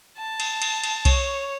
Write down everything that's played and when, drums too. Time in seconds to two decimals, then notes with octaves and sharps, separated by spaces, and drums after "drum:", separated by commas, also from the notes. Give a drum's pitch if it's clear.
0.18 A5
0.40 drum: cymbal
0.62 drum: cymbal
0.83 drum: cymbal
1.05 C#5, drum: kick C2, cymbal